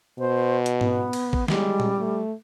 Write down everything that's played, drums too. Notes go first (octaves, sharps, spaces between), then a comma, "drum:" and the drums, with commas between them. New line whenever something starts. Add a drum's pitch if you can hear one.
B2 C5
drum: hi-hat
B3, drum: tom
drum: cymbal
drum: kick
G3 G#3, drum: snare
drum: tom
A3